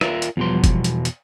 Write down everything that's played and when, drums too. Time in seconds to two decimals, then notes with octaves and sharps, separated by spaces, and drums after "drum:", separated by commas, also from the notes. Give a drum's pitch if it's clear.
0.01 F4 A#4 E5, drum: rim click
0.22 drum: hi-hat
0.37 E2 B2 F3 G3 B3 C6
0.64 drum: kick F#1, hi-hat
0.84 drum: hi-hat
1.05 drum: hi-hat